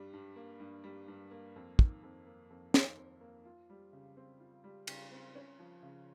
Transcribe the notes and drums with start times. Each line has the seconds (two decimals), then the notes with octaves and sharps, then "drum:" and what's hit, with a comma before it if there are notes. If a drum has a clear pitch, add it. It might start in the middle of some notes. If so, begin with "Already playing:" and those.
Already playing: G2 G3
0.13 G2
0.36 A#3
0.60 G2
0.84 G3
1.08 G2
1.31 A#3
1.56 F2
1.79 D#3, drum: kick
2.03 F2
2.26 A#3
2.50 F2
2.74 D#3, drum: snare
2.97 F2
3.21 A#3
3.45 F4
3.70 G3
3.93 C#3
4.17 C4
4.40 F4
4.64 G3
4.87 C#3, drum: cymbal
5.12 C4
5.35 C#4
5.59 F3
5.83 C#3